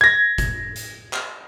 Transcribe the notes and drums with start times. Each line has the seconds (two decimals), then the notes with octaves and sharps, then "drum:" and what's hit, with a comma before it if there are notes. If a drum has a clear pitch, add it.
0.01 G#6 A#6
0.38 drum: kick F#1, hi-hat
0.76 drum: hi-hat
1.13 drum: clap